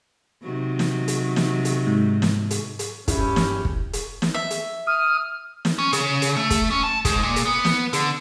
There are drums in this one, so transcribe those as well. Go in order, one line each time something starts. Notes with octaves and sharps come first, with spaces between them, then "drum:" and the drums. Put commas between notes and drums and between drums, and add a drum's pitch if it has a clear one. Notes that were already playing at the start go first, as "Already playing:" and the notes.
C3 D#3 F#3
drum: snare
drum: hi-hat
drum: snare
drum: hi-hat
G#2
drum: snare
drum: hi-hat
drum: hi-hat
G2 C#4 E4 G4, drum: kick, hi-hat
drum: snare
drum: kick
drum: hi-hat
drum: snare
E5
drum: hi-hat
D#6 F6
drum: snare
C#4
C#3, drum: hi-hat
drum: hi-hat
A3
drum: kick, hi-hat
C#4
A5
G#2, drum: kick, hi-hat
A#2
drum: hi-hat
B3
drum: snare
D3, drum: hi-hat